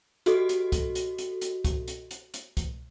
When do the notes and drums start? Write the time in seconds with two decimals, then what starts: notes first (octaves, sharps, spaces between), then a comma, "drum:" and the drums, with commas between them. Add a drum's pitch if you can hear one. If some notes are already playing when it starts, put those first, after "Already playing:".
0.26 F#4 G4 A4 D#5, drum: hi-hat
0.49 drum: hi-hat
0.72 drum: kick C2, hi-hat
0.95 drum: hi-hat
1.18 drum: hi-hat
1.41 drum: hi-hat
1.65 drum: kick C2, hi-hat
1.88 drum: hi-hat
2.11 drum: hi-hat
2.34 drum: hi-hat
2.57 drum: kick C2, hi-hat